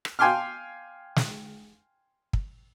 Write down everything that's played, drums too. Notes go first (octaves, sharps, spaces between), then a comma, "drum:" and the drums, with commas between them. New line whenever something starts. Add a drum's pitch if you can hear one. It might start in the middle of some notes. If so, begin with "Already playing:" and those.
drum: rim click
F5 G5 G#5 C6 D6 F6
drum: snare
drum: kick